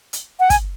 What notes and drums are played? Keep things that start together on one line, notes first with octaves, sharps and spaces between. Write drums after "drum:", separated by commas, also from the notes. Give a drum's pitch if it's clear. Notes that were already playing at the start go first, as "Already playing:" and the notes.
drum: hi-hat
F#5
G#5, drum: kick, hi-hat